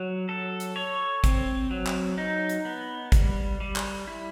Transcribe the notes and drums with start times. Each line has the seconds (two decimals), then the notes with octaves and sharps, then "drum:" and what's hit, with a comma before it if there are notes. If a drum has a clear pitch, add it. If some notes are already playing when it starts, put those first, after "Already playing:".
Already playing: F#3
0.29 A4
0.60 drum: hi-hat
0.76 C#5
1.24 C4, drum: kick, hi-hat
1.71 F#3
1.86 drum: clap
2.18 D#4
2.49 drum: hi-hat
2.65 B3
3.12 G3, drum: kick, hi-hat
3.60 G3
3.76 drum: clap
4.07 E4